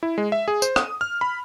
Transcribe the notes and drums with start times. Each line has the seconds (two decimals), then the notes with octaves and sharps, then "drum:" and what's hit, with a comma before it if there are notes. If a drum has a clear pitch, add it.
0.03 E4
0.18 G#3
0.32 E5
0.48 G#4
0.62 C5, drum: tambourine
0.76 D#6, drum: rim click
1.01 F6
1.21 B5